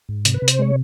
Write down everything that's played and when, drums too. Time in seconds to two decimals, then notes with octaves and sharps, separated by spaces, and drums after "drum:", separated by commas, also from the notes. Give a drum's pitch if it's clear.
0.09 G#2
0.25 C3, drum: hi-hat
0.34 B4
0.42 C3
0.48 C5, drum: hi-hat
0.59 G#3 C#5